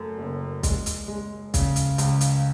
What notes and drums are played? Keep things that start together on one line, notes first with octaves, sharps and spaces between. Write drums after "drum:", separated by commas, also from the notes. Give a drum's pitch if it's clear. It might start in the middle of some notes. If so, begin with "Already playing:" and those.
Already playing: F#2 A3
F#1
G#3, drum: kick, hi-hat
drum: hi-hat
G#3
C#3, drum: kick, hi-hat
drum: hi-hat
C#2, drum: hi-hat
drum: hi-hat